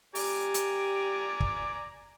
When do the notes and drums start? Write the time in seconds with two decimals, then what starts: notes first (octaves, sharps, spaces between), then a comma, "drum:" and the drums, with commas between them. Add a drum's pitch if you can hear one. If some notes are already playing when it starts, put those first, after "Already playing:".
0.15 G4 D5 G#5 A#5, drum: open hi-hat
0.54 drum: hi-hat
1.40 drum: kick